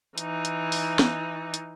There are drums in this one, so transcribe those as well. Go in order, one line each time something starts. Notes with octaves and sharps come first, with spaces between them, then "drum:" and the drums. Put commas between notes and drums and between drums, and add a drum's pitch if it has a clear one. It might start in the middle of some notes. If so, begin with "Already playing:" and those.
E3 D#4, drum: hi-hat
drum: hi-hat
drum: open hi-hat
drum: snare
drum: hi-hat